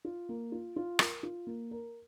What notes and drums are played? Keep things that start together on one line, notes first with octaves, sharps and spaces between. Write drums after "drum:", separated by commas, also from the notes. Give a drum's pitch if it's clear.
F4
A#3
F4
F4
A#4, drum: rim click
F4
A#3
A#4